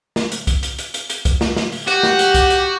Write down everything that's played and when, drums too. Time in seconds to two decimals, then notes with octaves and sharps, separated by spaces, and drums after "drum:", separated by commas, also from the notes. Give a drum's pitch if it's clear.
0.16 drum: snare
0.32 drum: hi-hat
0.47 drum: kick, hi-hat
0.63 drum: hi-hat
0.78 drum: hi-hat
0.94 drum: hi-hat
1.10 drum: hi-hat
1.25 drum: kick, hi-hat
1.41 drum: snare
1.56 drum: snare
1.72 drum: open hi-hat
1.88 F#4 G4, drum: hi-hat
2.03 drum: snare
2.19 drum: hi-hat
2.34 drum: kick, hi-hat
2.50 drum: hi-hat